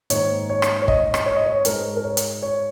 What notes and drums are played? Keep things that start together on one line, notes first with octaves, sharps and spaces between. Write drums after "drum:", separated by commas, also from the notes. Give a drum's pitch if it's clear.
G#2 D#3 A#3 C#5, drum: hi-hat
C#5
drum: rim click
C#5
D#5, drum: kick
drum: rim click
C#5
D#5
C#5
G#2 G#3 A#4, drum: hi-hat
A#4
C#5
drum: hi-hat
C#5